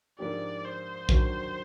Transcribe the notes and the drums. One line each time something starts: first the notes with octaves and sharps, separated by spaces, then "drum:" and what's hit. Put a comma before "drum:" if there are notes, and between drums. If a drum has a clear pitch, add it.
G#2 F3 A#3 D4 G4 D5
C5
G2 D#3 F#3, drum: kick